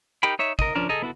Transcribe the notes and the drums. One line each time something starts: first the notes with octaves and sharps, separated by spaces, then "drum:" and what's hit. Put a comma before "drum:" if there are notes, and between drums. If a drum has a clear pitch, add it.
D#4 G4 A#4 G5 B5
D#4 C#5 E5
A#4 D#5, drum: kick
F3 C#4 D4 A#4
G#4 A4 D#5 A#5
B3 E4 F#4 A4